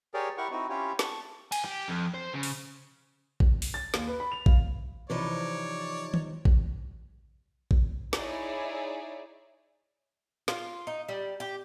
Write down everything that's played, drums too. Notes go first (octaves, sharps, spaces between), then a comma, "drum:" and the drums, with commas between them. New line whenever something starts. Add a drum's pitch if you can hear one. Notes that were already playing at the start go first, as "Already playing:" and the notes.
G4 G#4 A#4 C#5 D5
E4 G4 A#4 F#5 C#6
C4 D#4 E4 F#4
C#4 E4 F4 G4 C#5
A5 C#6, drum: snare
G#5, drum: cymbal
G4
F2
C5
C#3
drum: open hi-hat
drum: kick A1
drum: open hi-hat
A6
D#2, drum: snare
B4
B5
F7
F5, drum: kick A1
C3 E3 F3 D#4 B4 C#5 D5
drum: tom
drum: kick A1
drum: kick A1
D#4 E4 G#4 C#5 D5 E5, drum: snare
F4, drum: snare
D#4
G3
G4